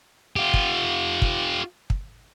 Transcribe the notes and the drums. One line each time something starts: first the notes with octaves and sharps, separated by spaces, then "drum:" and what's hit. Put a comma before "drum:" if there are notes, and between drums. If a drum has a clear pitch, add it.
F4 G4
drum: kick
drum: kick
drum: kick